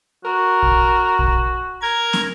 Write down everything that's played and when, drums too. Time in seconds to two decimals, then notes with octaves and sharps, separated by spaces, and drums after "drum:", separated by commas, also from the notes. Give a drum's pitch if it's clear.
0.25 F#4 A#4
0.63 drum: kick A#1
1.19 drum: kick A#1
1.82 A#4 G#6
2.13 drum: snare